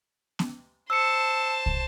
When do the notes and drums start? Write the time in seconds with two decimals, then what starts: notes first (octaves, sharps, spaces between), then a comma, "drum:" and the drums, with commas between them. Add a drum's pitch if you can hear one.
0.39 drum: snare
0.90 C5 A5 E6 C#7
1.66 drum: kick